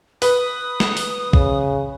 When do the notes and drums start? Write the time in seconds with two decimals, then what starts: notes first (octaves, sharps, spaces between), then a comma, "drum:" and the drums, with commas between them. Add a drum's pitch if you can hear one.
0.22 B4 D#6, drum: open hi-hat
0.80 drum: snare
0.97 drum: open hi-hat
1.33 C#3, drum: kick